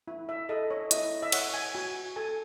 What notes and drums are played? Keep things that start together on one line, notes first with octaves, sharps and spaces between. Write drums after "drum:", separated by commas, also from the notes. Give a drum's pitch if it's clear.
E4
E5
A4 D#5
C#5
E4 D#5, drum: hi-hat
E5
C#5 F#5, drum: cymbal
G#5
F#4 G#5
A4 G#5